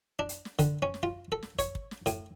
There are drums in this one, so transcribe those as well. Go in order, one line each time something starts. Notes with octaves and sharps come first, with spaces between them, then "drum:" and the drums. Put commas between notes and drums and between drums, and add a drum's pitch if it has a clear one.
D4
drum: hi-hat
drum: snare
D3, drum: kick, hi-hat
C#4
drum: snare
F4
A4
drum: snare
C#5, drum: kick, hi-hat
drum: kick
drum: snare
A2, drum: hi-hat